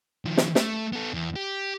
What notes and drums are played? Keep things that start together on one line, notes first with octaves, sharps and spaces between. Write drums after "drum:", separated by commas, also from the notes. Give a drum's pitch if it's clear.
D#3 F3
drum: snare
A3, drum: snare
B3 A4
E2
G4